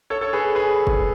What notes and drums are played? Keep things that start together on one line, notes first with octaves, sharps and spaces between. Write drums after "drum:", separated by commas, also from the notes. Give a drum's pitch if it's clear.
A4 C#5
A4 C#5
G#4 B4
G#4 B4
drum: kick F#1